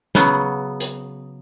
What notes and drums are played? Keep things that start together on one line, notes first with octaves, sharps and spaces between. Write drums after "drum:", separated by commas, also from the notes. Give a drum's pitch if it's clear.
C#3 F#3 B3, drum: snare
drum: hi-hat